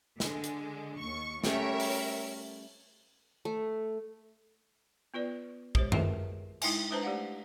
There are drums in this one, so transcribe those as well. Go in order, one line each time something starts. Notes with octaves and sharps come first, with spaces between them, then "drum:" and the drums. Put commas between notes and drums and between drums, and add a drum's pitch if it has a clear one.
D3 G#3, drum: snare
drum: hi-hat
D#2 C#6
G3 A3 C#4 A#4 C#5 E5, drum: snare
drum: open hi-hat
A3
B3 F4 B4 D5
G#3 G4 C5 C#5, drum: kick
F4 G#4 A#4 B4 D#5 E5, drum: tom F#2
G#3 D#4 E4 G5 G#5, drum: cymbal
G#3 D4 B4 C5 A5 A#5
A3 G4 D5 F5 F#5